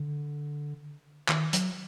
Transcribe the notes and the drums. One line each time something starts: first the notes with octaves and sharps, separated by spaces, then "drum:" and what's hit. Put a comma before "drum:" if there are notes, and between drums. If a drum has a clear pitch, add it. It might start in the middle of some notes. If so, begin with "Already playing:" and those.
Already playing: D3
D#3, drum: clap
F#3, drum: hi-hat